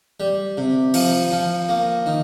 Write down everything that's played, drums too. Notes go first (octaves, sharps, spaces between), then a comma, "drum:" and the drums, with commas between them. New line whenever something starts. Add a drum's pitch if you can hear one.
G3
C3
F3, drum: open hi-hat
F3
A#3
D#3